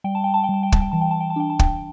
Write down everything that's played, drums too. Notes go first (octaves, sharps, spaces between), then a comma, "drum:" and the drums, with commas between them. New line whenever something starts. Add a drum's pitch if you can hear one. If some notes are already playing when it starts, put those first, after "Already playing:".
G3 G5
A5
G5
A5
G5
G3 A5
G5
A5, drum: kick
G5
E3 A5
G5
A5
G5
A5
D4 G5
A5
G5, drum: kick